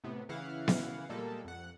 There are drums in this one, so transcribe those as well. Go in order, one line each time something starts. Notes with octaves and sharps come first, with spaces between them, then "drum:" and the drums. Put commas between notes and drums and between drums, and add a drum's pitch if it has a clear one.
A2 C3 B3
C#3 E3 E4 F5 F#5
drum: snare B3
A#2 G3 G#3 A#3 A4
F2 F#5